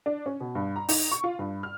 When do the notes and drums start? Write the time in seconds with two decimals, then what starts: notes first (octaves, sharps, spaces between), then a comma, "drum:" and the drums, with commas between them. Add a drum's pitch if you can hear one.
0.06 D4
0.26 C#4
0.41 B2
0.55 G2
0.76 A#5
0.89 D#4, drum: open hi-hat
1.12 C#6
1.24 F4
1.39 G2
1.63 F6